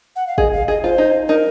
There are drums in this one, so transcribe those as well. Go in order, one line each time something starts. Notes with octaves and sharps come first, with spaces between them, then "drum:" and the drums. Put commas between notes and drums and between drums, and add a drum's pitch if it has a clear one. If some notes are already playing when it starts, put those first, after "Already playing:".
F#5
F5
G#4 D#5, drum: kick
F5
G#4 D#5
F4 C5
D#4
D#4 A#4